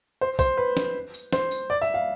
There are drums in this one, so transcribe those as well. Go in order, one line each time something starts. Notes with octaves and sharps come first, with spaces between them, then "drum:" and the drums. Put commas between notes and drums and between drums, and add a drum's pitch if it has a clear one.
C5
C5, drum: kick B1, tambourine
B4
drum: snare
drum: tambourine
C5, drum: snare
drum: tambourine
D5
E5
F5